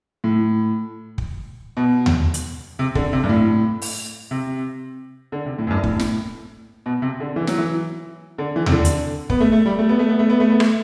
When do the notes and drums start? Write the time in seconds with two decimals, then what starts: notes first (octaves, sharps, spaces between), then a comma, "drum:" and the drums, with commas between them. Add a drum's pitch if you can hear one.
0.24 A2
1.18 drum: kick
1.77 B2
2.06 drum: tom D#2
2.34 drum: hi-hat
2.79 C3
2.95 D3, drum: kick
3.13 C3
3.24 G2
3.29 A2
3.82 drum: open hi-hat
4.31 C3
5.32 D3
5.46 C3
5.58 A2
5.67 F#2
5.71 G2
5.83 A2, drum: kick
6.00 drum: snare
6.86 B2
7.02 C3
7.20 D3
7.36 E3
7.47 F#3, drum: snare
7.58 E3
8.38 D3
8.56 E3
8.66 C3, drum: tom D#2
8.72 D3
8.85 drum: hi-hat
9.30 B3, drum: kick
9.40 A3
9.52 A3
9.66 G3
9.79 A3
9.89 B3
9.99 A3
10.09 B3
10.19 A3
10.30 B3
10.40 A3
10.50 B3
10.60 A3, drum: rim click